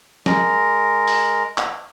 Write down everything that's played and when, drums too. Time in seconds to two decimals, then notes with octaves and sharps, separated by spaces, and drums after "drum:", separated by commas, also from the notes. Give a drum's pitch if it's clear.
0.26 G#3 A#4, drum: snare
1.08 drum: open hi-hat
1.58 drum: clap